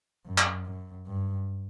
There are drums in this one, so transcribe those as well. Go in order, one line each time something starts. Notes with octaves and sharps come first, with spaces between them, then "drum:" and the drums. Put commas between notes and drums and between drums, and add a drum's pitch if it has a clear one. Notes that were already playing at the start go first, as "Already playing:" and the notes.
F#2
drum: clap
F#2
G2